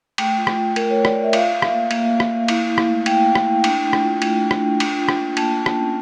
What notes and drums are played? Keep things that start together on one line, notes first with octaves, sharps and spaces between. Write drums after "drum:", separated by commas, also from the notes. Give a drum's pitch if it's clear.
A3 G5, drum: cymbal
F4
drum: rim click
F4
A3 A#4, drum: cymbal
F4 C#5
D5, drum: rim click
F4
E5
F4 F5, drum: cymbal
F4
drum: rim click
A#3
A#3, drum: cymbal
A#3
drum: rim click
A#3
E4, drum: cymbal
E4
drum: rim click
A3
E4 G5, drum: cymbal
E4
drum: rim click
E4
D4, drum: cymbal
A3
drum: rim click
F4
A3, drum: cymbal
D4
drum: rim click
D4
F4, drum: cymbal
F4
drum: rim click
A#3
A#3 A5, drum: cymbal
F4
drum: rim click
C#4